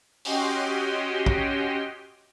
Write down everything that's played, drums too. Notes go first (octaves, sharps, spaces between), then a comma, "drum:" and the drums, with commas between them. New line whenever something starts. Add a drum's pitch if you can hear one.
C#4 F#4 G4 D#5 G5 C6, drum: open hi-hat
drum: kick